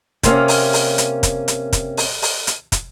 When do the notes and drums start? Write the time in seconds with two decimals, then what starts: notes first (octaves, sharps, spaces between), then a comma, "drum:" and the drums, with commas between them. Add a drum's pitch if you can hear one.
0.23 C3 A#3 C#4, drum: kick, hi-hat
0.48 drum: open hi-hat
0.73 drum: open hi-hat
0.98 drum: hi-hat
1.23 drum: kick, hi-hat
1.48 drum: hi-hat
1.73 drum: kick, hi-hat
1.97 drum: open hi-hat
2.22 drum: open hi-hat
2.47 drum: hi-hat
2.72 drum: kick, hi-hat